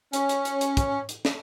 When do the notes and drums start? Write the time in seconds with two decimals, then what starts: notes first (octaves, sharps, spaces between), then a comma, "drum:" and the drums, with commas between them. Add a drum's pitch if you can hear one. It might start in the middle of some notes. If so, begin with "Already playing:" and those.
0.13 C#4, drum: hi-hat
0.29 drum: hi-hat
0.45 drum: hi-hat
0.61 drum: hi-hat
0.77 drum: kick, hi-hat
1.09 drum: hi-hat
1.25 drum: snare